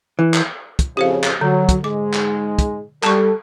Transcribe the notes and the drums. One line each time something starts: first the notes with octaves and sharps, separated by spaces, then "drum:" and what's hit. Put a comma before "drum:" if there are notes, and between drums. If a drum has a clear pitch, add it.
E3
drum: clap
drum: kick, hi-hat
F2 A2 C#3 G4 C5 F5
drum: clap
D3 F#3
drum: kick, hi-hat
G#2 G#3 D6
drum: clap
drum: kick, hi-hat
G3 A4 A5 C#6, drum: clap